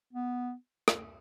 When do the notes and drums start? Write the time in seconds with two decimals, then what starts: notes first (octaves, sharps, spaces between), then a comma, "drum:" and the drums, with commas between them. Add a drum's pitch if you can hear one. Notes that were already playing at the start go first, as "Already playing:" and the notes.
0.13 B3
0.88 drum: rim click